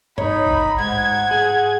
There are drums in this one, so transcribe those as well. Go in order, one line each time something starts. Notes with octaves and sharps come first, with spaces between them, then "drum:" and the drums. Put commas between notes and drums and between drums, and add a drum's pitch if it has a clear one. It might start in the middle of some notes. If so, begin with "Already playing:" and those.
D#4 C#5 B5, drum: tom G2
drum: kick
G#2 F#5 G#6
G#4